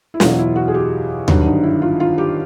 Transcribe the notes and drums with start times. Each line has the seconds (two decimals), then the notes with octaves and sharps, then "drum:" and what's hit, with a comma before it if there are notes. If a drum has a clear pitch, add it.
0.14 E4
0.20 E2 B2 F#3 F4, drum: snare
0.38 E4
0.56 F#4
0.68 G#4
0.74 G4
1.28 G#1 G2 D3 F#3 D4, drum: tom D#2
1.46 D#4
1.63 E4
1.82 F4
2.00 F4
2.18 G4